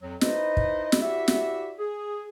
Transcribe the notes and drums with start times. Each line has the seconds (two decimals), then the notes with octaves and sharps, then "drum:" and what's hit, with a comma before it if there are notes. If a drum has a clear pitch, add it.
0.01 F2 F#3
0.21 D#4 E4 B4 C5 D#5, drum: snare
0.57 drum: kick
0.92 drum: snare
1.01 E4 F#4 G4 D5 E5
1.28 drum: snare
1.79 G#4